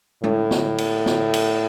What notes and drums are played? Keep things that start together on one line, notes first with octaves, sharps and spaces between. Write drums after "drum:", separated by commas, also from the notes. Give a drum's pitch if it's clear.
A2, drum: tom G#3
drum: snare
drum: cymbal
drum: snare
drum: cymbal